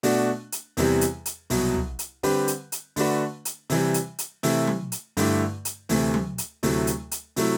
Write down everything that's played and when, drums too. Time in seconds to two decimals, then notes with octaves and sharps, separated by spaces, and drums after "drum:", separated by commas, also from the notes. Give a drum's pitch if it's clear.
0.03 B2 A3 D4 F#4, drum: open hi-hat
0.52 drum: hi-hat
0.77 E2 C3 E3 G3, drum: open hi-hat
1.01 drum: hi-hat
1.26 drum: hi-hat
1.50 C2 B2 F#3, drum: open hi-hat
1.74 drum: tom
1.99 drum: hi-hat
2.23 D3 G3 C4 G4 B4, drum: open hi-hat
2.48 drum: hi-hat
2.72 drum: hi-hat
2.96 D3 A3 D4 F#4 B4, drum: open hi-hat
3.45 drum: hi-hat
3.70 C3 E3 G3, drum: open hi-hat
3.94 drum: hi-hat
4.18 drum: hi-hat
4.43 C3 E3 A3 E4, drum: open hi-hat
4.67 drum: tom F#3
4.92 drum: hi-hat
5.17 G2 D3 A3 E4 G4, drum: open hi-hat
5.65 drum: hi-hat
5.89 D2 C3 E3 A3, drum: open hi-hat
6.14 drum: tom F#3
6.38 drum: hi-hat
6.63 D2 C3 F#3 A3 E4, drum: open hi-hat
6.87 drum: hi-hat
7.11 drum: hi-hat
7.36 C3 F#3 A3 E4, drum: open hi-hat